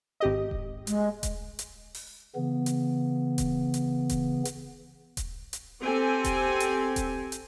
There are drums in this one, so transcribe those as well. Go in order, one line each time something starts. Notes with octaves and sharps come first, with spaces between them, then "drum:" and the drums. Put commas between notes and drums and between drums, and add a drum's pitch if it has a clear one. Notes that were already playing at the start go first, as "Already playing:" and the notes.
G#1 G4 D#5
drum: kick D#1
G#3, drum: hi-hat
drum: kick D#1, hi-hat
drum: hi-hat
drum: open hi-hat
C#3 E3 B3
drum: hi-hat
drum: kick D#1, hi-hat
drum: hi-hat
drum: kick D#1, hi-hat
drum: hi-hat
drum: kick D#1, hi-hat
drum: hi-hat
C4 G4 A4 G#5
drum: kick D#1, hi-hat
drum: hi-hat
drum: kick D#1, hi-hat
drum: hi-hat